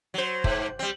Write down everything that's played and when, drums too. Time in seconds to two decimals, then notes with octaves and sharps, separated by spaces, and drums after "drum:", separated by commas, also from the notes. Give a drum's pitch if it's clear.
0.14 F#3 C5
0.44 G#2, drum: kick
0.79 G3 C4